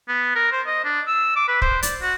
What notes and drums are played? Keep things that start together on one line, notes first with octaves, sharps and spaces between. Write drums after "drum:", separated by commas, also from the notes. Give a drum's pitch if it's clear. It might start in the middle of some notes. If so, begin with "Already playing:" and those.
B3
A#4
C5
D#5
D4
E6
D6
B4
C5, drum: kick
D5, drum: hi-hat
F#4